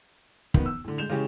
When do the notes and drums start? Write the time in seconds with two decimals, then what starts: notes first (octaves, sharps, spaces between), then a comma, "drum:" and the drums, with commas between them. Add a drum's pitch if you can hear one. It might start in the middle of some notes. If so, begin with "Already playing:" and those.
0.54 D#3 B3, drum: kick
0.66 E6
0.84 A2 D3
0.98 G#3 G6 E7 F7
1.09 C#3 E3 G#3 C#4 G4